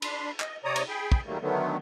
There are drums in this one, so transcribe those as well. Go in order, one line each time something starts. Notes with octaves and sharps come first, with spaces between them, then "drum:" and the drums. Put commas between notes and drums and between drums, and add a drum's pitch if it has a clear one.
D4 B5 C6, drum: cymbal
D#5, drum: clap
C3 C#5 D5 A#5 D#6
drum: cymbal
G#4 G5 B5
drum: kick
D#3 F#3 G3 A3 A#3
D3 D#3 F#3 A3 B3